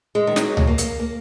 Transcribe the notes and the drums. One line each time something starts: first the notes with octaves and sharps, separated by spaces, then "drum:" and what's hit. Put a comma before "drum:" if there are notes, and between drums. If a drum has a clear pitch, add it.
G#3
D#3
F#3, drum: snare
drum: tom C#2
A#3
drum: hi-hat
A#3